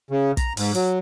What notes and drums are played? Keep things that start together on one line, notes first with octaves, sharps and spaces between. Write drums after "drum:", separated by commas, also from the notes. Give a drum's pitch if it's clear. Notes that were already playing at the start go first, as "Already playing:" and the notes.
C#3
A#5, drum: kick, hi-hat
G#2, drum: open hi-hat
F#3, drum: hi-hat